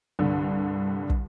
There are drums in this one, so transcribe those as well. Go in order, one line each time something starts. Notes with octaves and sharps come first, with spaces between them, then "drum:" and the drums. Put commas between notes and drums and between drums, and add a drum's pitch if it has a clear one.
C2 G2 D3
drum: kick